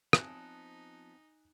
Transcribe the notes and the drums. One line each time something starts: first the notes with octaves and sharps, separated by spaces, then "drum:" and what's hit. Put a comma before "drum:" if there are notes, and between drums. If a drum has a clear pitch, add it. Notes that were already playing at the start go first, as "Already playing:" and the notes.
F3 B3 C4 D#4 G#5 A5 F#6, drum: rim click